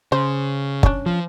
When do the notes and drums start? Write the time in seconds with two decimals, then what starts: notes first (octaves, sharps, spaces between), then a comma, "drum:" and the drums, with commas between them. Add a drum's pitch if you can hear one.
0.12 C#3 C5
0.83 C#4 D4, drum: kick
1.06 F3